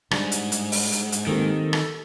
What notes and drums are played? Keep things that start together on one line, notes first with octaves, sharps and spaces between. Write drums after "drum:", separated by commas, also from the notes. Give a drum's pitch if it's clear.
C#2 G#2 G3 D4, drum: rim click
drum: hi-hat
drum: hi-hat
drum: open hi-hat
drum: hi-hat
drum: hi-hat
D#3 A#3 C4 G4 A4
drum: rim click